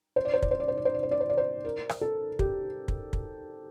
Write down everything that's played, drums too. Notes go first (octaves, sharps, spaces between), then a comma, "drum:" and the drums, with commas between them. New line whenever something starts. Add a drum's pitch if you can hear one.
C5
D5
C5
D5, drum: kick
C5
D5
C5
D5
C5
D5
C5
D5
C5
D5
C5
A#4
drum: rim click
A4
G4, drum: kick
drum: kick
drum: kick